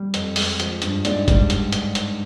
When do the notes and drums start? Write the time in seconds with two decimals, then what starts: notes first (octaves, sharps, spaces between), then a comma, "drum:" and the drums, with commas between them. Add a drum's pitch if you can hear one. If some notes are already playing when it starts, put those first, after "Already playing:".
Already playing: G3
0.14 F2, drum: hi-hat
0.36 G#3, drum: open hi-hat
0.60 F3, drum: hi-hat
0.82 G2, drum: hi-hat
1.05 G#2 D5, drum: hi-hat
1.28 G3, drum: kick G1, hi-hat
1.50 drum: hi-hat
1.73 drum: hi-hat
1.95 drum: hi-hat